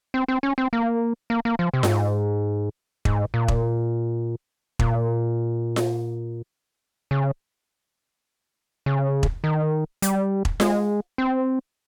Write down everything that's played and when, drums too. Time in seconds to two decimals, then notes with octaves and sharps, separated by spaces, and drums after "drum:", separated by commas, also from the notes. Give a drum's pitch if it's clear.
0.14 C4
0.28 C4
0.43 C#4
0.58 C4
0.73 A#3
1.30 A#3
1.45 A#3
1.59 F3
1.74 C3
1.83 G2, drum: snare F4
1.88 G#2
3.05 G#2, drum: kick E1
3.34 A#2
3.48 drum: kick E1
4.79 A#2, drum: kick E1
5.76 drum: snare F4
7.11 C#3
8.86 C#3
9.23 drum: kick E1
9.44 D#3
10.02 G3, drum: hi-hat
10.45 drum: kick E1
10.60 G#3, drum: snare F4
11.18 C4